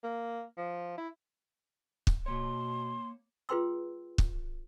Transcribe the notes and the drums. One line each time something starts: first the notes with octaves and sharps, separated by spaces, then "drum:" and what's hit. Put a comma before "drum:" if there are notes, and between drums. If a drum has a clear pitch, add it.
A#3
F3
E4
drum: kick
B2 A#3 C#5 C6
F4 G#4 B4 G5 C6 E6
drum: kick